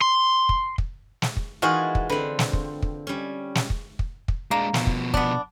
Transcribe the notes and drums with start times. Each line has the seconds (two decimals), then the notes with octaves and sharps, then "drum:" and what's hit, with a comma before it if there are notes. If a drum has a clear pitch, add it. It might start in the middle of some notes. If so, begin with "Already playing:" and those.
0.01 C6
0.49 drum: kick
0.78 drum: kick
1.22 drum: snare
1.37 drum: kick
1.62 D#3 E3 G#3 F4 F#4 G#4
1.95 drum: kick
2.10 D3 C4 B4
2.39 drum: snare
2.53 drum: kick
2.82 drum: kick
3.07 G3 C#4
3.55 drum: snare
3.70 drum: kick
3.99 drum: kick
4.28 drum: kick
4.51 G#3 A#3 D4
4.74 B2 F3, drum: snare
4.87 drum: kick
5.14 B3 D4, drum: kick